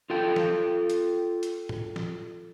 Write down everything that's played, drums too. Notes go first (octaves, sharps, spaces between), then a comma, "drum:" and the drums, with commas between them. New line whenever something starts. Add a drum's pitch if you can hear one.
F4 A4 G5
drum: snare
drum: hi-hat
drum: hi-hat
drum: tom
drum: snare